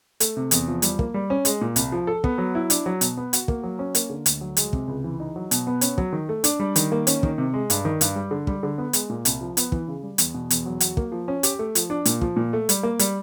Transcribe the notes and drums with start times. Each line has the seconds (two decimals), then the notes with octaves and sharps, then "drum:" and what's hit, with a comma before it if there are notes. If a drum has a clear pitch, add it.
0.20 A3, drum: hi-hat
0.37 C3
0.51 E2, drum: hi-hat
0.68 F3
0.82 G3, drum: hi-hat
0.99 A#3, drum: kick
1.14 G3
1.30 C#4
1.45 G#3, drum: hi-hat
1.61 A#2
1.76 C2, drum: hi-hat
1.92 F3
2.07 A4
2.24 B3, drum: kick
2.38 F#3
2.55 E4
2.70 D4, drum: hi-hat
2.86 F#3
3.01 B2, drum: hi-hat
3.17 B3
3.33 F#4, drum: hi-hat
3.48 A#3, drum: kick
3.63 F#3
3.79 C#4
3.95 A#3, drum: hi-hat
4.10 D3
4.26 D2, drum: hi-hat
4.41 F#3
4.57 G#3, drum: hi-hat
4.73 C3, drum: kick
4.88 C#2
5.04 E3
5.20 D#4
5.36 F#3
5.51 B2, drum: hi-hat
5.67 B3
5.81 C#4, drum: hi-hat
5.98 F#3, drum: kick
6.13 D#3
6.29 A3
6.44 D4, drum: hi-hat
6.60 G3
6.76 D#3, drum: hi-hat
6.92 A#3
7.07 C#4, drum: hi-hat
7.23 D#3, drum: kick
7.38 C3
7.54 G#3
7.70 G2, drum: hi-hat
7.85 D#3
8.01 G2, drum: hi-hat
8.16 G3
8.31 D3
8.47 G3, drum: kick
8.63 D3
8.78 B3
8.93 G#3, drum: hi-hat
9.10 A#2
9.25 C2, drum: hi-hat
9.41 F3
9.57 B3, drum: hi-hat
9.72 E3, drum: kick
9.88 C#3
10.03 G3
10.18 E2, drum: hi-hat
10.34 B2
10.50 E2, drum: hi-hat
10.66 F#3
10.80 F#4, drum: hi-hat
10.97 A#3, drum: kick
11.12 F3
11.28 C#4
11.43 G4, drum: hi-hat
11.59 A3
11.75 F3, drum: hi-hat
11.90 D4
12.05 A#2, drum: hi-hat
12.21 F3, drum: kick
12.36 A#2
12.53 A3
12.69 G3, drum: hi-hat
12.83 A#3
12.99 G3, drum: hi-hat